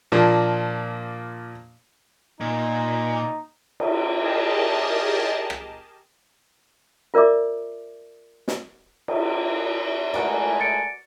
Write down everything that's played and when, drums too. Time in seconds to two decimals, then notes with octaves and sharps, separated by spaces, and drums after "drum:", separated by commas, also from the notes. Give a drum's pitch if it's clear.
0.12 A#2 F3 A#3 D4
2.41 A#2 D#4
3.80 drum: cymbal
4.21 G4 G#4 A#4 D#5 A5
5.50 drum: rim click
7.14 F4 A#4 D5 E5 D6
8.48 drum: snare
9.08 drum: cymbal
10.14 G#3 A3 F#4 A#4 B4 D5 G#5
10.60 A6 C#7 D7